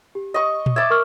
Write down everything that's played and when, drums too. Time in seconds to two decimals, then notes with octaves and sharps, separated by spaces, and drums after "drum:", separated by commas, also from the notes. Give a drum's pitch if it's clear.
0.15 G4
0.34 D#5 C#6
0.66 drum: tom A#2
0.76 E5 D6 G#6 A6
0.90 A#4 C#6 F6